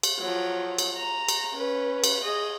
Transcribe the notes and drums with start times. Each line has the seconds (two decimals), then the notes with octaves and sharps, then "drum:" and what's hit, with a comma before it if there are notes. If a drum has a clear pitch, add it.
0.03 drum: cymbal
0.20 F3 F#3
0.78 drum: cymbal
0.97 A#5
1.29 drum: cymbal
1.54 C#4 B4
2.04 drum: cymbal
2.24 G#4 D#5